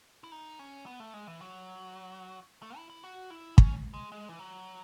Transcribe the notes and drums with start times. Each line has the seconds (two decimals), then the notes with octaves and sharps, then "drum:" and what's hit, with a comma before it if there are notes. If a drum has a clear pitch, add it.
0.24 E4
0.32 D#4
0.59 C#4
0.86 B3
1.00 A3
1.14 G#3
1.27 E3
1.41 F#3
2.62 A3
2.77 E4
2.90 E4
3.03 F#4
3.30 E4
3.58 C#4, drum: kick
3.94 G#3
4.12 G#3
4.29 E3
4.39 F#3